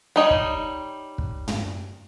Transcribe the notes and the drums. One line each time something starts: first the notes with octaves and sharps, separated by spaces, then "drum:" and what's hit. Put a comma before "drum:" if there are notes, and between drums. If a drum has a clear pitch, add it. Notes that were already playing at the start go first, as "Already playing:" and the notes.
G3 D#4 C#5
drum: kick
drum: kick
drum: tom